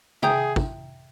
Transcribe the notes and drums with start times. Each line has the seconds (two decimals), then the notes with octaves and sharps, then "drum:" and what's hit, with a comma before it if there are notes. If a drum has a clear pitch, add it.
0.23 G#4 E5 G5 A#5 D#6 G6, drum: tom C3
0.56 drum: kick